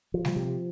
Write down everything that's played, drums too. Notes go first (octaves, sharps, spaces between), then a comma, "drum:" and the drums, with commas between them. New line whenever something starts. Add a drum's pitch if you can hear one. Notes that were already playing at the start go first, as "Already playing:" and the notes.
F3
drum: snare G3
C3